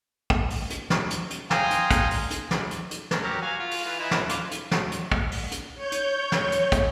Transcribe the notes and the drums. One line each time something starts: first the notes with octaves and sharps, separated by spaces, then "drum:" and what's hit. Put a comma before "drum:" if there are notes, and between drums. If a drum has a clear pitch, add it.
drum: kick
drum: open hi-hat
drum: hi-hat
drum: snare
drum: hi-hat
drum: hi-hat
F5 G5 G#5 A#5 C6 D#6, drum: snare
drum: hi-hat
drum: kick, hi-hat
drum: open hi-hat
drum: hi-hat
drum: snare
drum: hi-hat
drum: hi-hat
drum: snare
F#3 G4 A#4
F#4 F5 G#5
F4
drum: open hi-hat
E3 F4
E3 D#4 E4
drum: snare
F4 D6, drum: hi-hat
drum: hi-hat
drum: snare
drum: hi-hat
drum: kick
drum: open hi-hat
drum: hi-hat
C#5 G6
drum: hi-hat
drum: snare
drum: hi-hat
drum: kick, hi-hat